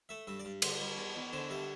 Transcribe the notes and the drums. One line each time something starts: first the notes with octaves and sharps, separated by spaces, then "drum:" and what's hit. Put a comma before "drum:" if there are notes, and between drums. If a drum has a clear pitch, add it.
A3 E5
G2 E5
D5
G2
D3 C5, drum: cymbal
G3
E2
E2
D3 C5
G3 E5